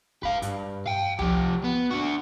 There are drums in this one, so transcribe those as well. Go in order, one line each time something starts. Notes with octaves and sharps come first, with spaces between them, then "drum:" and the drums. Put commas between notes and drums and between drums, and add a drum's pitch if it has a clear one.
B4 F5, drum: kick
G2, drum: hi-hat
F5 G5
F2 G4, drum: tom C2
B3
D3 F#4